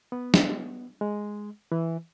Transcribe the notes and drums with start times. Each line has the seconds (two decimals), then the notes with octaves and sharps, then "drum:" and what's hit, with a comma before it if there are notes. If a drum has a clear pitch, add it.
0.12 B3
0.34 drum: snare
1.01 G#3
1.72 E3